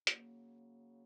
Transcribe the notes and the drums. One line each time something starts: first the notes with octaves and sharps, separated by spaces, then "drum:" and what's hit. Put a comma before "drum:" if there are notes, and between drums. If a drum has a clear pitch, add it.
C#3 F#3 A#3, drum: hi-hat